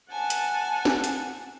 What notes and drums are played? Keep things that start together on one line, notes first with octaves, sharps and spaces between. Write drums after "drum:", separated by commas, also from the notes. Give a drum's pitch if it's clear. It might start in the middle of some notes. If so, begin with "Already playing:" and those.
F#5 G#5 A5
drum: hi-hat
drum: snare
drum: hi-hat